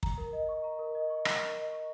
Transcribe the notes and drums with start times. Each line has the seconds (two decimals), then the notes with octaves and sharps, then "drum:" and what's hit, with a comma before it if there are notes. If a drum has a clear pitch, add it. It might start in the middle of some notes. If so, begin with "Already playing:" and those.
0.03 A#5, drum: kick
0.18 A#4
0.33 D#5
0.49 C#6
0.64 A#5
0.79 A#4
0.95 D#5
1.10 C#6
1.25 A#5, drum: rim click
1.41 A#4
1.56 D#5
1.72 C#6